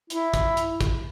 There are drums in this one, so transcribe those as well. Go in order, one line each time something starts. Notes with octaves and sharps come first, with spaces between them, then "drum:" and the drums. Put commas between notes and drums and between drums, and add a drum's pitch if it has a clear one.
E4, drum: hi-hat
drum: kick, hi-hat
drum: hi-hat
drum: kick, hi-hat